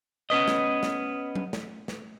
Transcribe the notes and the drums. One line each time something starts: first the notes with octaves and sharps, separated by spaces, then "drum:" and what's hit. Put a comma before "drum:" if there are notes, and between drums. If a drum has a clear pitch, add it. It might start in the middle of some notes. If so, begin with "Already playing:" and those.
B3 C#4 B4 D#5
drum: snare
drum: snare
drum: tom F#3
drum: snare
drum: snare